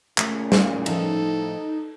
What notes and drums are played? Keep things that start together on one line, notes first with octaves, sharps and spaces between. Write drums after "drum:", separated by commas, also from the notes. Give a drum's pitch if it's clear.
A#2 C#3 A3 C#4 A4, drum: clap
drum: snare
A2 F3 D#4 A4, drum: cymbal